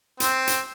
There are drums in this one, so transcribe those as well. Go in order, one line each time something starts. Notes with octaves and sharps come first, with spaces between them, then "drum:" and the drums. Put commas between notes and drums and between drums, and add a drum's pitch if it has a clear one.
C4, drum: hi-hat
drum: hi-hat